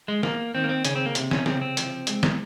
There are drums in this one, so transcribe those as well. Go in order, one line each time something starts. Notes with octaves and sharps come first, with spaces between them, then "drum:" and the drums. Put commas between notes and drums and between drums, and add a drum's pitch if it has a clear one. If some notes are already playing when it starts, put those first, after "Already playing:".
G#3
A#3, drum: snare
D#3 C4
A#3
C4
C#3 C#4, drum: hi-hat
C4
A#3
C3, drum: hi-hat
C#4, drum: snare
C#3 C4, drum: snare
C4
F3, drum: hi-hat
G#3, drum: hi-hat
drum: snare